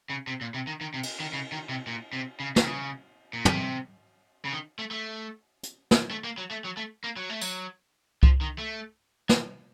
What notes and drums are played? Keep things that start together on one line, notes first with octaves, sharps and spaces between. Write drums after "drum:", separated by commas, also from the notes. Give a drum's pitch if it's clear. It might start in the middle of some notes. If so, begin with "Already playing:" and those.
C#3
C3
A#2
C3
D#3
D#3
C3
drum: cymbal
D#3
C#3
D#3
C3
A#2
C3
C#3
D#3, drum: snare
C#3
A#2
C3, drum: tom
C#3
D#3
A3
A3
drum: hi-hat
drum: snare
A3
A#3
F#3
A3
F#3
A3
A#3
F#3
A3
F#3, drum: tambourine
F3, drum: kick C2
D#3
A3
F#3, drum: snare